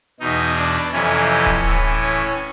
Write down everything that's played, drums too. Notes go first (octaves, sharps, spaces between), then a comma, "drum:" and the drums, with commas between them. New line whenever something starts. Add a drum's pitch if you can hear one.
E2 B2 D#4
D4
F2 C3 E3 C#4
drum: kick D1
A2 E3
C#4